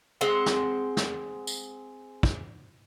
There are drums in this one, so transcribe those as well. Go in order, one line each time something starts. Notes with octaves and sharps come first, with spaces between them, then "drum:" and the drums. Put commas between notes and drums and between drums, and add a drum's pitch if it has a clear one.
G#3 C4 C5 F#5
drum: snare
drum: snare
drum: tambourine
drum: kick